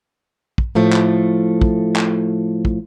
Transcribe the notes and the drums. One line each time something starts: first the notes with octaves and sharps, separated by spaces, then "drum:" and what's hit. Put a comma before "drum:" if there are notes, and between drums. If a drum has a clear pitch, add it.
drum: kick
A2 F3 A3
drum: clap
drum: kick
drum: clap
drum: kick